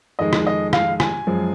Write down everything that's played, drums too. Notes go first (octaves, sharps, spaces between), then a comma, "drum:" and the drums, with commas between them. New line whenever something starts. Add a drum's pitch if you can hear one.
F2 D#3 G#3 D#5
drum: rim click
D#5
F5, drum: rim click
G#5, drum: rim click
F#2 F3 G#3